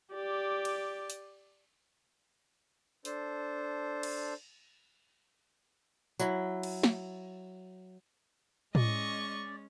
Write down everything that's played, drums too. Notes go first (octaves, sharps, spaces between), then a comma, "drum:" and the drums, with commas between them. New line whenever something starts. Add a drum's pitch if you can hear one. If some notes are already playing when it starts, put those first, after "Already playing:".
G4 D5
drum: cymbal
drum: hi-hat
D4 A4 C5, drum: hi-hat
drum: cymbal
F#3 E4, drum: tambourine
drum: cymbal
drum: snare
G#3 C#4 D5 D#5 C#6, drum: tom A2